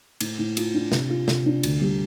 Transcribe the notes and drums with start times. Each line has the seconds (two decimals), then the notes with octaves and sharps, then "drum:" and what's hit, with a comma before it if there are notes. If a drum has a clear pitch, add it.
0.20 A2, drum: cymbal
0.39 A2
0.57 F4, drum: cymbal
0.74 D4
0.92 C3, drum: snare
1.10 F4
1.28 C3, drum: snare
1.46 D4
1.63 D2, drum: cymbal
1.81 G3